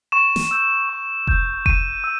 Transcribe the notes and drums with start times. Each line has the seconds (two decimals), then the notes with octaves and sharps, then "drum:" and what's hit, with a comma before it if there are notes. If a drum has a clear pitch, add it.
0.12 C#6 E7
0.36 drum: snare
0.51 E6 G6
0.89 C#6
1.27 E6 G6, drum: kick F1
1.66 C#6 D#7, drum: kick F1
2.04 E6